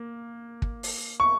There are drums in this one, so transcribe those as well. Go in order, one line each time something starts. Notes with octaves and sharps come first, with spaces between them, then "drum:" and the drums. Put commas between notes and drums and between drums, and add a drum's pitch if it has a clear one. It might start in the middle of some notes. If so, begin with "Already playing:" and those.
Already playing: A#3
drum: kick
drum: open hi-hat
C#6